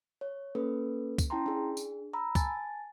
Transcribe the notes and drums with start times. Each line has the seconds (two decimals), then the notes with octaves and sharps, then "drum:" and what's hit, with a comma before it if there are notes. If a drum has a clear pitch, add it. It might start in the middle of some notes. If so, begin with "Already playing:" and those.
0.21 C#5
0.55 A#3 C#4 A4 B4
1.18 drum: kick, tambourine
1.30 C#4 E4 G5 A5 A#5 C6
1.46 D4 G#4
1.77 drum: tambourine
2.13 A#5 B5 E6
2.35 G#5 A5 A6, drum: kick, tambourine